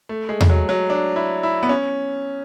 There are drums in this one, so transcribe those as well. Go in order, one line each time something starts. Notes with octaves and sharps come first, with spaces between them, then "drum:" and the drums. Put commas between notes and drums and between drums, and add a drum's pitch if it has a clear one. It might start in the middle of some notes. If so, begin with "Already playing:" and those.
A3
G#3
drum: tom E2
F#3
F#3
D4
E4
E4
B3
C#4